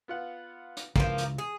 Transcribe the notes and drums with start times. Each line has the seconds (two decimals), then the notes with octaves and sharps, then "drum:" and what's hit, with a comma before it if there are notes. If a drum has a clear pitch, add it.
0.08 B3 F4 F#5
0.77 drum: hi-hat
0.96 C#2 E3 F3 A#3, drum: kick
1.18 drum: hi-hat
1.38 G#4